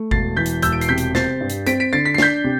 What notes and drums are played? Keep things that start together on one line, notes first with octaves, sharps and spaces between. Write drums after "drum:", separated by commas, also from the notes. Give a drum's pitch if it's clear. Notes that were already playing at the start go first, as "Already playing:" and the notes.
Already playing: A3
E1 A6 C7, drum: kick G1
E3 G6 B6
drum: hi-hat
E1 E6 G6, drum: hi-hat
D7
C7, drum: hi-hat
C3 G6 B6
drum: hi-hat
C4 A6 C7, drum: snare
G2
drum: hi-hat
C4 B6 D7, drum: hi-hat
B6 D7
D3 A6 C7
B6
C7
D4 G6 B6, drum: snare
C3